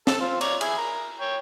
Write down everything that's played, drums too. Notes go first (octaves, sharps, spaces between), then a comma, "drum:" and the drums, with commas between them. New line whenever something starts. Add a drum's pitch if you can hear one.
A4 A5, drum: snare
C4 F4
C#5 D5 A#5, drum: cymbal
E4 G#4, drum: cymbal
A#4
C#5 G5